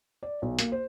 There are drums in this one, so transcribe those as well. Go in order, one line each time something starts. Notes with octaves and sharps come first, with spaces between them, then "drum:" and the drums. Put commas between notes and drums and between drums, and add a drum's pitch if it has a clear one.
D5
B1
A#3, drum: hi-hat
C5